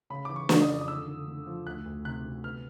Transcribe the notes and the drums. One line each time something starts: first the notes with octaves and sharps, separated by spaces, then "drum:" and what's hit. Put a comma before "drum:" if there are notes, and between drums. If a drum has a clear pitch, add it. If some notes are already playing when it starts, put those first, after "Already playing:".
C#3 B5
E3 D6
C#6
C#3, drum: snare
D#6
F2
D#6
D3 E6
D3
D3
F3
D2 F#6
D2
C3 F#6
C3
B3 F6